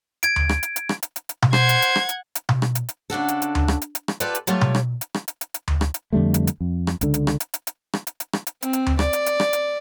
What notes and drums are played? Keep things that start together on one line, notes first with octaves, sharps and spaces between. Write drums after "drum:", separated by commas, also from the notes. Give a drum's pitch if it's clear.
G#6 D7, drum: hi-hat
drum: tom D2
drum: rim click
drum: hi-hat
drum: hi-hat
drum: rim click
drum: hi-hat
drum: hi-hat
drum: hi-hat
drum: tom B2
C5 F#5 G#6, drum: rim click
drum: hi-hat
drum: hi-hat
drum: rim click
drum: hi-hat
drum: hi-hat
drum: tom B2
drum: rim click
drum: hi-hat
drum: hi-hat
C#3 D4 F#4 A4
drum: hi-hat
drum: hi-hat
drum: tom D2
drum: rim click
drum: hi-hat
drum: hi-hat
drum: rim click
F4 G4 A4 B4 D5, drum: hi-hat
drum: hi-hat
F#3 G3 A3 F4 C#5, drum: hi-hat
drum: tom B2
drum: rim click
drum: hi-hat
drum: rim click
drum: hi-hat
drum: hi-hat
drum: hi-hat
drum: tom D2
drum: rim click
drum: hi-hat
F2 D3 G3 A3
drum: hi-hat
drum: hi-hat
F2
drum: rim click
C#2 D3, drum: hi-hat
drum: hi-hat
drum: rim click
drum: hi-hat
drum: hi-hat
drum: hi-hat
drum: rim click
drum: hi-hat
drum: hi-hat
drum: rim click
drum: hi-hat
C4, drum: hi-hat
drum: hi-hat
drum: tom D2
D5, drum: rim click
drum: hi-hat
drum: hi-hat
drum: rim click
drum: hi-hat